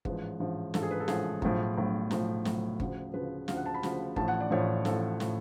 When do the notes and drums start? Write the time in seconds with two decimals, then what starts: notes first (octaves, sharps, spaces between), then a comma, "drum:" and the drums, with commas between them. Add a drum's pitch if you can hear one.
0.05 A1 G#2 F3 B4, drum: kick G1
0.40 A1 G#2 F3
0.74 A1 G#2 F3 A4, drum: snare
0.83 G#4
0.91 B4
1.00 A4
1.08 A1 G#2 F3 G#4, drum: snare
1.42 B1 A2 F3, drum: kick G1
1.77 B1 A2 F3
2.11 B1 A2 F3, drum: snare
2.45 B1 A2 F3, drum: snare
2.80 D2 C#3 F3, drum: kick G1
3.14 D2 C#3 F3 B4
3.48 D2 C#3 F3 F5, drum: snare
3.57 F#5
3.66 A5
3.74 B5
3.83 D2 C#3 F3, drum: snare
4.16 A1 A2 F3 A5, drum: kick G1
4.28 F#5
4.40 D5
4.51 A1 A2 F3 C#5
4.85 A1 A2 F3 A4, drum: snare
5.20 A2 F3, drum: snare